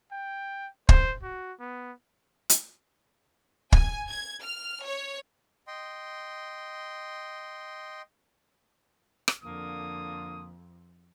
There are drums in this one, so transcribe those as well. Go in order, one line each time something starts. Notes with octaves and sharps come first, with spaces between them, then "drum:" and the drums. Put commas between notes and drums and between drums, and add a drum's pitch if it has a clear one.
G5
C5, drum: kick
F#4
B3
drum: hi-hat
G#5, drum: kick
G#6
F6
C#5
D#5 G5 C6
drum: rim click
F2 D3 A#3 D#6